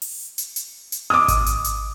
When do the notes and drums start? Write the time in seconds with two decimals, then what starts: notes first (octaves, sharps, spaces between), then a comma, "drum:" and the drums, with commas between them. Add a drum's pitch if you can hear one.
0.02 drum: open hi-hat
0.38 drum: hi-hat
0.56 drum: hi-hat
0.92 drum: hi-hat
1.10 D6 D#6
1.28 drum: kick G#1, hi-hat
1.46 drum: hi-hat
1.64 drum: hi-hat